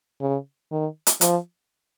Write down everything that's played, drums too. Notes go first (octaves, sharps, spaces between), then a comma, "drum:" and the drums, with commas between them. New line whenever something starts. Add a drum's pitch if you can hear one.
C#3
D#3
drum: hi-hat
F3, drum: hi-hat